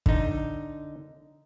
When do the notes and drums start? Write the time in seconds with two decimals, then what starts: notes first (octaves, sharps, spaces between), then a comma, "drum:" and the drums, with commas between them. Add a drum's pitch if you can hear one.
0.06 D3 D#4, drum: kick